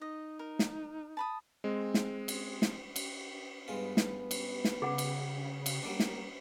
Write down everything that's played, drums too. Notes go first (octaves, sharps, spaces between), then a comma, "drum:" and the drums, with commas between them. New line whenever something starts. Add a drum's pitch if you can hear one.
D#4 D#5
A#4
drum: snare
A5 B5 D#6
G#3 C4
drum: snare
drum: cymbal
drum: snare
drum: cymbal
G2 G#3 B3 F4
drum: snare
drum: cymbal
drum: snare
C#3 G#4 F#5
drum: cymbal
drum: cymbal
F#3 G3 A#3 D4
drum: snare